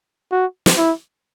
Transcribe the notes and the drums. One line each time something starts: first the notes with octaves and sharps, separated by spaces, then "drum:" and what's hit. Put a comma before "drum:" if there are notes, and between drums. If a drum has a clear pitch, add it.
F#4
drum: snare
E4